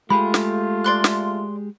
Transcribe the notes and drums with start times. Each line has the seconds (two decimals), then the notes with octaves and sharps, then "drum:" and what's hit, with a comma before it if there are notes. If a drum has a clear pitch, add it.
0.10 G#3 A3 F4 G4 G#4 B5
0.34 drum: snare
0.84 D5 C6 F#6
1.04 drum: snare